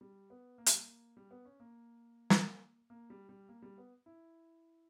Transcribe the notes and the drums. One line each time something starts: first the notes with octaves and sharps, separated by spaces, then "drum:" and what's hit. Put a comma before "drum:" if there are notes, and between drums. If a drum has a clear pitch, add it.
G3
B3
A#3
G3, drum: hi-hat
A#3
G3
B3
C#4
A#3
drum: snare
A#3
G3
G3
A#3
G3
B3
E4